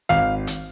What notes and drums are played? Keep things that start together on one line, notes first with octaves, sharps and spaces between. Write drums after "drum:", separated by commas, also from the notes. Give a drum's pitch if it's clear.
G#1 F5
drum: hi-hat